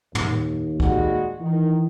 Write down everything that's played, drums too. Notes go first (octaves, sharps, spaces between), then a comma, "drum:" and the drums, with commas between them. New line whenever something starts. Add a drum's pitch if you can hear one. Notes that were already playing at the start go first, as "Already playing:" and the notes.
D#2, drum: tom
G3 G#3 F#4, drum: kick
D#3 E3